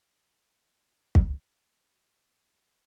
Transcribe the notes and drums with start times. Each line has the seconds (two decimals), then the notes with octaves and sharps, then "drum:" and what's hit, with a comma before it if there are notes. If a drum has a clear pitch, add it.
0.18 A3 A#3 C4 D4 F5
1.15 drum: kick